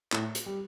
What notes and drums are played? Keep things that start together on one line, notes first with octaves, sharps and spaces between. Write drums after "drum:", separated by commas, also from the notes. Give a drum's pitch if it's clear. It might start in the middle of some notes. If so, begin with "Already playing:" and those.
A2, drum: clap
drum: hi-hat
G3